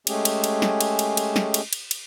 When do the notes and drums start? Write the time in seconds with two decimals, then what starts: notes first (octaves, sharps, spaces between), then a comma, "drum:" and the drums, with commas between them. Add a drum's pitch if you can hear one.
0.07 G#3 A3 C#4 G4 G#4, drum: cymbal
0.25 drum: cymbal
0.44 drum: cymbal
0.62 drum: snare
0.81 drum: cymbal
0.99 drum: cymbal
1.17 drum: cymbal
1.36 drum: snare
1.54 drum: cymbal
1.73 drum: cymbal
1.91 drum: cymbal